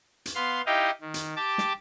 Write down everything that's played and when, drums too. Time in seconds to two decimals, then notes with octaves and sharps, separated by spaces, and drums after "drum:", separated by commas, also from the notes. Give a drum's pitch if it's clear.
0.26 drum: hi-hat
0.35 B3 F5 C6
0.66 D#4 E4 G4 D#5 F5 G5
1.01 D#3
1.14 drum: hi-hat
1.36 G4 A5 D6
1.58 drum: snare